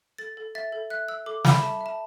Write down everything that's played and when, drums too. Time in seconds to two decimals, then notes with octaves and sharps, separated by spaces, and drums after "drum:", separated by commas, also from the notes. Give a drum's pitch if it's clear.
0.18 A4 A6
0.37 A4
0.55 E5 A6
0.72 A4
0.90 E5 F#6
1.08 E5 E6
1.26 A4 D6
1.45 E5 B5, drum: snare
1.62 E5 A5
1.81 E5
1.86 A5